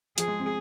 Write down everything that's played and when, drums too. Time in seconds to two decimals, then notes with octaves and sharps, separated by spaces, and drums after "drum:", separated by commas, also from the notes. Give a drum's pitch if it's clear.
0.18 F3 G#4, drum: hi-hat
0.28 G#3
0.39 C4